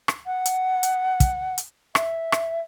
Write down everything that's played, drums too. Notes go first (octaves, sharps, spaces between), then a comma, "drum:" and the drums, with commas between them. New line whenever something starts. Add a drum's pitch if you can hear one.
drum: rim click
F#5
drum: hi-hat
drum: hi-hat
drum: kick, hi-hat
drum: hi-hat
E5, drum: rim click
drum: rim click